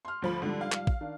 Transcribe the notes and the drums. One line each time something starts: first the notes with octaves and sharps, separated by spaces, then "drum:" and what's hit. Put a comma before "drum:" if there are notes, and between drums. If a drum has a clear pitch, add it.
C6 F6
D2 F3 B5
G#2 D3 F3 G3
F5
drum: clap
drum: kick
D#3 D4